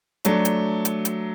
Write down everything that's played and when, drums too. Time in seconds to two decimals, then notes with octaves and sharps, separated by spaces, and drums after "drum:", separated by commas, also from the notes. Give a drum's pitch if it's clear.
0.25 F#3 A3 D4, drum: hi-hat
0.45 drum: hi-hat
0.85 drum: hi-hat
1.05 drum: hi-hat